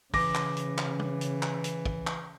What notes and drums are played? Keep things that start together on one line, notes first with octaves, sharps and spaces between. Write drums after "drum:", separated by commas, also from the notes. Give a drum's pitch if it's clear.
C#3 E3 D6 A#6, drum: kick, open hi-hat
drum: clap
drum: hi-hat
drum: clap
drum: tom
drum: hi-hat
drum: clap
drum: hi-hat
drum: kick
drum: clap